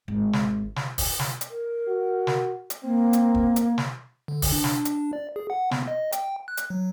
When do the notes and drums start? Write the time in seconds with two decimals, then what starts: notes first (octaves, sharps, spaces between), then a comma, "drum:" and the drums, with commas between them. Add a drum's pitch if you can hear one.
0.08 G#1
0.33 drum: snare
0.76 drum: snare
0.98 drum: kick, open hi-hat
1.19 drum: snare
1.41 drum: hi-hat
1.50 A#4
1.88 F#4
2.27 drum: snare
2.70 drum: hi-hat
2.83 A#3 C4
3.13 drum: hi-hat
3.35 drum: kick
3.56 drum: hi-hat
3.78 drum: snare
4.28 D3
4.42 drum: kick, open hi-hat
4.52 D4
4.64 drum: snare
4.85 drum: hi-hat
5.13 D5
5.36 G#4
5.50 F#5
5.71 B3, drum: snare
5.88 D#5
6.12 G5, drum: hi-hat
6.48 F#6
6.57 drum: hi-hat
6.70 F#3